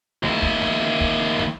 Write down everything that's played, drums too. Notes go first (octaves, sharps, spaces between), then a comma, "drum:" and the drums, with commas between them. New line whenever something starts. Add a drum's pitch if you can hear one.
D#2 E4, drum: snare
drum: kick
drum: snare
drum: kick
drum: snare